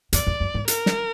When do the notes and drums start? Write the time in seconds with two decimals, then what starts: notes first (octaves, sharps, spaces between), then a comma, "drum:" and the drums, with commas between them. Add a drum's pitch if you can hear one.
0.13 F2 D5, drum: hi-hat
0.27 E2
0.40 F#2
0.54 G#2
0.68 A#4, drum: hi-hat
0.86 drum: snare